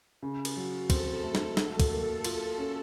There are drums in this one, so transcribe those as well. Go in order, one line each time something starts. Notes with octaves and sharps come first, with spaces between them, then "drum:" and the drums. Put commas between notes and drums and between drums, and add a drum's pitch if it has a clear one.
C#3
drum: cymbal
F#3
C4 A4, drum: kick, cymbal
A3
drum: snare
F#3, drum: snare
drum: kick, cymbal
A#3
F4, drum: cymbal
C#4